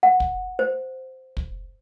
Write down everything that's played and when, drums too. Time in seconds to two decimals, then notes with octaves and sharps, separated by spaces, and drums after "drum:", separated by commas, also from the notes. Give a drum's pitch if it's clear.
0.03 F#5
0.20 drum: kick
0.59 C5
1.37 drum: kick